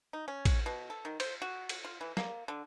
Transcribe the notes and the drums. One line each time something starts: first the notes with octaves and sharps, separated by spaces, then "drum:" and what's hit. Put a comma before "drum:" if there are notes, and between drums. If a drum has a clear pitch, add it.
D#4
C#4
drum: kick, cymbal
B2
A4
D#3
C5, drum: cymbal
F#4
drum: cymbal
F4
E3
A#3, drum: snare
D3